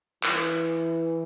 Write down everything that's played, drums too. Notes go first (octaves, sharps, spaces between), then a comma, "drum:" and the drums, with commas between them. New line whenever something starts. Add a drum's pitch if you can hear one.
E3, drum: clap